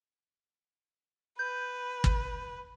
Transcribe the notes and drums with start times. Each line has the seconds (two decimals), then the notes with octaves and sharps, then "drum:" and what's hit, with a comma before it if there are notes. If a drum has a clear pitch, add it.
1.39 B4 G6
2.04 drum: kick